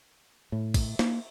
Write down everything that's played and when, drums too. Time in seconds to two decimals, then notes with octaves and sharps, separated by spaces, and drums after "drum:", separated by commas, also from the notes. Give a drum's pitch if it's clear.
0.52 A2
0.74 drum: kick, cymbal
0.99 A#3, drum: snare